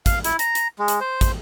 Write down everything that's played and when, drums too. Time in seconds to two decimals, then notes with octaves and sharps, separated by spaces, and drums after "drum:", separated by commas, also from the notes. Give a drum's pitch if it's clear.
0.06 F5, drum: kick, hi-hat
0.24 E4, drum: hi-hat
0.39 A#5, drum: hi-hat
0.55 drum: hi-hat
0.79 G#3
0.88 drum: hi-hat
1.01 C5
1.21 drum: kick, hi-hat